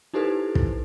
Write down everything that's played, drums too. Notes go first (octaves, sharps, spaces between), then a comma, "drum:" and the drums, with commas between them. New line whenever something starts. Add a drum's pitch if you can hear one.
D#4 E4 G4 A4 B4 C5
drum: kick